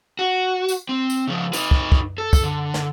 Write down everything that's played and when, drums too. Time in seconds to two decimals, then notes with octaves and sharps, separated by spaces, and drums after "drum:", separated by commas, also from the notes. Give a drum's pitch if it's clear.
0.19 F#4
0.69 drum: tambourine
0.89 C4
1.10 drum: tambourine
1.28 C#3 F3
1.53 D#4 B4, drum: tambourine
1.71 drum: kick
1.92 drum: kick
2.18 A4
2.33 drum: kick, tambourine
2.43 D3
2.74 drum: snare